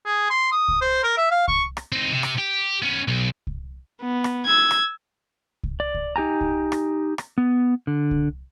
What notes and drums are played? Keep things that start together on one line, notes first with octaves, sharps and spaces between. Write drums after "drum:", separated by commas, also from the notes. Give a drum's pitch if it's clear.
G#4
C6
D#6
drum: kick C2
C5
A#4
E5
F5
C#6, drum: kick C2
drum: rim click
C4 D#4
C3
drum: rim click
G4
B3 C#4
B1
drum: kick C2
B3
drum: rim click
E6 G#6
drum: rim click
drum: kick C2
D5
drum: kick C2
D#4 G4 G#5 A#5
drum: kick C2
drum: rim click
drum: rim click
B3
D3
drum: kick C2